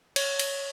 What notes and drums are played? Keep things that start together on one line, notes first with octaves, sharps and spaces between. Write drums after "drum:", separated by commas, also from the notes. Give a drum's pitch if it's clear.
C#5, drum: cymbal
drum: cymbal